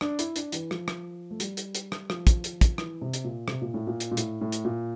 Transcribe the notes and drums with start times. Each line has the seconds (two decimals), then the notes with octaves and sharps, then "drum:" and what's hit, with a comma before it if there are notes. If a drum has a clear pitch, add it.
0.01 D4, drum: rim click
0.19 E4, drum: hi-hat
0.36 D4, drum: hi-hat
0.52 E3, drum: hi-hat
0.71 F3, drum: rim click
0.88 drum: rim click
1.31 A3
1.40 G3, drum: hi-hat
1.57 drum: hi-hat
1.75 drum: hi-hat
1.92 drum: rim click
2.10 F3, drum: rim click
2.27 drum: kick, hi-hat
2.44 drum: hi-hat
2.61 drum: kick, hi-hat
2.78 E3, drum: rim click
3.02 C3
3.13 drum: hi-hat
3.24 A#2
3.48 C3, drum: rim click
3.62 A#2
3.74 A2
3.87 A#2
4.00 drum: hi-hat
4.11 A#2
4.17 A2, drum: hi-hat
4.41 A2
4.52 drum: hi-hat
4.65 A#2